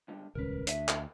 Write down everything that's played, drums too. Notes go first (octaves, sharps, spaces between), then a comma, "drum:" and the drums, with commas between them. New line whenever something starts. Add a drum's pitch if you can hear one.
C#2 D3 G3
D#1 C#2 C#4 A#4 B4
D2 D3 E5, drum: hi-hat
drum: clap